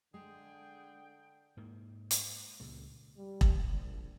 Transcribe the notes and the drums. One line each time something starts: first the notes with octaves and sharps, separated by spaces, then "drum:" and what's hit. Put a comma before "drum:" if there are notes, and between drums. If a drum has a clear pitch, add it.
D3 G#3 G#4 G5
G#2 A#3
drum: hi-hat
C#2 A#2 G#3
G3
drum: kick E1
A#1